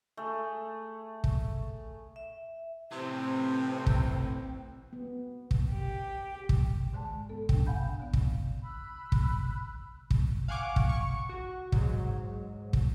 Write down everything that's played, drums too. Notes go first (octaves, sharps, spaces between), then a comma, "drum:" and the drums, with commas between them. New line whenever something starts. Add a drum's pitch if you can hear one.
A3 G#4
drum: kick
E5
A2 C3 E3 C4
drum: kick
B3
drum: kick
G4
drum: kick
G#2 D3 G#3 A5
B3 A4
D4 G5, drum: kick
F5 F#5 G#5 B5 G6
F5
D3 B3
drum: kick
B5 E6 F#6
drum: kick
drum: kick
F5 F#5 G#5 C#6 D6
drum: kick
C#6
F#4
G#2 F#3, drum: kick
drum: kick